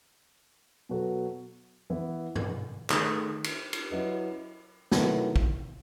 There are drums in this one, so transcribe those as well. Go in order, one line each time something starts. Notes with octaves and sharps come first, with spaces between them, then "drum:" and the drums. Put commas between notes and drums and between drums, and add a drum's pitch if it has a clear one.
B2 F#3 B3 F#4 A4
E3 B3 E4
drum: tom G2
D#3 A3 D#4 G#4, drum: clap
drum: cymbal
drum: cymbal
F#3 C#4 E4 B4 D#5
D#3 F#3 A3 E4 B4, drum: snare
drum: kick